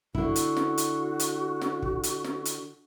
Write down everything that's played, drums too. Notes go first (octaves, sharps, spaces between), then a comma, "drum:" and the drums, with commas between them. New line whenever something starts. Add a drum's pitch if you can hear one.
D3 E4 F#4, drum: kick
drum: hi-hat
drum: snare
drum: hi-hat
drum: hi-hat
drum: snare
drum: kick
drum: hi-hat
drum: snare
drum: hi-hat